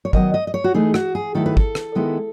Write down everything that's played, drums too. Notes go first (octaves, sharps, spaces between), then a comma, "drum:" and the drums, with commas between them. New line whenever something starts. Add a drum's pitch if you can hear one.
C#5
D#3 F#3 B3 D#5, drum: kick
D#5
D#5
C#5
F#4
E3 A3 D#4 G#4
F#4, drum: rim click
G#4
D#3 F#3 A3 E4 A4
B4
A4, drum: kick
drum: rim click
D#3 G#3 B3 E4